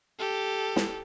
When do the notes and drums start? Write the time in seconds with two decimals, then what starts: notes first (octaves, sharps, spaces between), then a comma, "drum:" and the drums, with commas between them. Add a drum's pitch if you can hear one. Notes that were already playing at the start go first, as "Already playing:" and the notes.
0.19 G4 A4
0.76 drum: snare